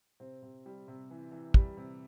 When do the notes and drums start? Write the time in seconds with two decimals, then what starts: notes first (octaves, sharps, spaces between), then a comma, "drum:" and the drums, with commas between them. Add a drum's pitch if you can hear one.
0.20 C3 C4
0.42 C3
0.66 G3
0.88 C3
1.11 E3
1.32 E3
1.54 G3, drum: kick
1.77 C3